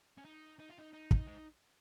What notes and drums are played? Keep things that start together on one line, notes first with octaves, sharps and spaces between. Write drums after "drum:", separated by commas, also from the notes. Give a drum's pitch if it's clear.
C#4
D#4
D#4
F4
D#4
D#4
drum: kick
G#3